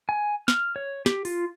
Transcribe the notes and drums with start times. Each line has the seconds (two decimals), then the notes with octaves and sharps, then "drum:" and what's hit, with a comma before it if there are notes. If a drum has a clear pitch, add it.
0.09 G#5
0.48 F6, drum: snare
0.76 C#5
1.06 G4, drum: snare
1.25 F4, drum: open hi-hat